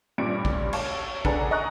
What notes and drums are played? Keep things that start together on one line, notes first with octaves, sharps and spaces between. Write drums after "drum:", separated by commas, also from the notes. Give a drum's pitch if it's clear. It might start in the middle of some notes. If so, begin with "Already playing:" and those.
A1 G2 A#2 G3 D7
drum: kick
C#5 F5 A5, drum: cymbal
D4 G#4 A4 B4 F#5 A#5, drum: kick
D#5 G#5 A#5 C#6 F#6